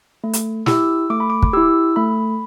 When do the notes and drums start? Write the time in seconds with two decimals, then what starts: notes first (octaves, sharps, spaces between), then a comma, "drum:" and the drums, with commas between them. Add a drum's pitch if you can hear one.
0.24 A3
0.33 drum: hi-hat
0.66 E4 G4 E6, drum: snare
1.10 A3 D6
1.20 B5
1.30 D6
1.43 drum: kick
1.53 E4 G4 E6
1.96 A3 B5